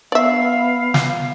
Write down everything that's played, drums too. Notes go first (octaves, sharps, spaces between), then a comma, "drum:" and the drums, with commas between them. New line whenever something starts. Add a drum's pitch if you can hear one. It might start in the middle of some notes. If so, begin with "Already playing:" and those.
B3 D5 E5 F5
drum: snare